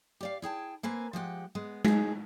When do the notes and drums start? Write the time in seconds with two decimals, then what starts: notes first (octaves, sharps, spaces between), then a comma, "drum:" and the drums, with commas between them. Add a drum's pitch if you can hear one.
0.21 G4 D5 F5
0.42 E4 G#4 G5 A5
0.83 A#3 C4 B4 G#5
1.13 F3 G#3 G4 F#5
1.55 G#3 B3
1.85 D#4 G#4, drum: tom G#3